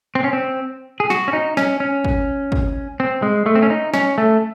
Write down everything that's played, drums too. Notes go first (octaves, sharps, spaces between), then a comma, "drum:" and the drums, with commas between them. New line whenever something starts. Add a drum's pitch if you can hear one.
C4
C#4
C4
G#4
F#4, drum: snare
C#4
D#4
C#4, drum: snare
C#4
drum: kick
drum: kick
C4
G#3
A3
C4
C#4
D#4
C#4, drum: snare
A3